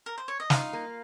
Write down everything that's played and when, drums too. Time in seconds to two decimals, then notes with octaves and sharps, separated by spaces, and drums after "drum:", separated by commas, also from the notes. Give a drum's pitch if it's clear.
0.06 A#4
0.18 C5
0.28 C#5
0.40 D#5
0.50 D#4 F4 F5, drum: snare
0.73 A#3